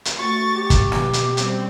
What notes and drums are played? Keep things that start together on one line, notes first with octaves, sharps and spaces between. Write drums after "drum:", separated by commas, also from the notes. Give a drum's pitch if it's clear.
drum: hi-hat
A3 F#4 C#6 A6
G4
drum: kick, hi-hat
B2, drum: snare
drum: hi-hat
G3 C4 C#4, drum: hi-hat